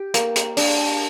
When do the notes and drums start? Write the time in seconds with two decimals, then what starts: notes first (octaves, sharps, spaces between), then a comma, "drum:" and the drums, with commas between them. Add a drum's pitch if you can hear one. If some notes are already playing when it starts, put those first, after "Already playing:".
Already playing: G4
0.14 A#3, drum: hi-hat
0.36 drum: hi-hat
0.57 D4, drum: open hi-hat